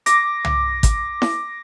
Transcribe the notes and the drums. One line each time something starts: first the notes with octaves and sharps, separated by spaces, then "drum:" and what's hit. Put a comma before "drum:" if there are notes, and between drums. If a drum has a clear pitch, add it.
D6 A#6, drum: hi-hat
drum: tom
drum: kick, hi-hat
drum: snare E4